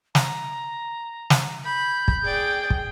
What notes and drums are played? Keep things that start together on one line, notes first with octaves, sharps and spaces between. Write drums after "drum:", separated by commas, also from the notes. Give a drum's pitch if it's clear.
A#5, drum: snare
drum: snare
B5 G6
drum: kick
G#4 D5 G5
drum: kick